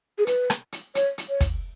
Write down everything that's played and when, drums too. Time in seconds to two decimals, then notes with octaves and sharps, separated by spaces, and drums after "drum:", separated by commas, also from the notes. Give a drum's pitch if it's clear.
0.18 G#4
0.27 B4, drum: hi-hat
0.50 drum: rim click
0.72 drum: hi-hat
0.95 C#5, drum: hi-hat
1.18 drum: hi-hat
1.29 C#5
1.40 drum: kick, hi-hat